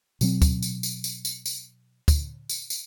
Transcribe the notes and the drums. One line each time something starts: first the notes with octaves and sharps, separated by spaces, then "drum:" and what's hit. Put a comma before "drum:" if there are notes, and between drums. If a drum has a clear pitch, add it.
B2 F#3 C4, drum: tambourine
drum: kick, tambourine
drum: tambourine
drum: tambourine
drum: tambourine
drum: tambourine
drum: tambourine
drum: kick, tambourine
drum: tambourine
drum: tambourine